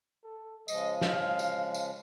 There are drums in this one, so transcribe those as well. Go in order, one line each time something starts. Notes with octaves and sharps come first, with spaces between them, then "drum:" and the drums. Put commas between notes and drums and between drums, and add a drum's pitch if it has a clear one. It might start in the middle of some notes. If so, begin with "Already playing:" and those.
A4
C#3 F3 G#3 D#5, drum: tambourine
F5, drum: snare
drum: tambourine
drum: tambourine